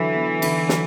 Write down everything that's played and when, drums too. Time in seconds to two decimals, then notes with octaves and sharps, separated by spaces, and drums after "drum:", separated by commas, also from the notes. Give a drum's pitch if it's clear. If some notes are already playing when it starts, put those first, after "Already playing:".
Already playing: D3 E3 F#3
0.15 B3
0.42 D3, drum: cymbal
0.69 F#3, drum: snare